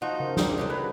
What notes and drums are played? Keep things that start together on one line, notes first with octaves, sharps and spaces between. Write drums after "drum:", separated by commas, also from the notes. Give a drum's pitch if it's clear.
F3 D#4 F#4
C#3 A#4 C5
G#3 D#4 F4 G4 D5, drum: snare
F#3 A3 C4
F#3 B4